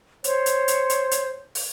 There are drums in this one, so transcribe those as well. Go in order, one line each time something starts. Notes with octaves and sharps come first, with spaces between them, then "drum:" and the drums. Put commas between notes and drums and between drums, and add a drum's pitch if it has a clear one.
C5 C#5, drum: hi-hat
drum: hi-hat
drum: hi-hat
drum: hi-hat
drum: hi-hat
drum: open hi-hat